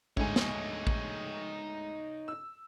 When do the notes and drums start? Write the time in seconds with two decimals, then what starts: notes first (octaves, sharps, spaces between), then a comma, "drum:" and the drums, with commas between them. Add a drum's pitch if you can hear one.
0.17 D2 G#2 D#4 C#5 G#5, drum: kick A1
0.36 drum: snare
0.87 drum: kick A1
2.28 E6